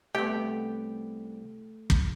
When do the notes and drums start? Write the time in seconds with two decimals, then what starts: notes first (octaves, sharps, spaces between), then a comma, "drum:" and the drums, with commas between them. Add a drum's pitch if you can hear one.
0.15 C2 A3 B3 G4 G5
1.90 drum: kick